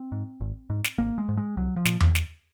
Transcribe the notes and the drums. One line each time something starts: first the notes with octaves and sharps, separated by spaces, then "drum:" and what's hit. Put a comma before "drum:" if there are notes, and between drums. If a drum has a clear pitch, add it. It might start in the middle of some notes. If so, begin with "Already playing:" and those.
Already playing: C4
G#2
G#1
G#2
drum: snare
G#1 A#3
G#3
G#2
G#3
C2 F#3
F3
A#2, drum: snare
drum: tom E2
drum: snare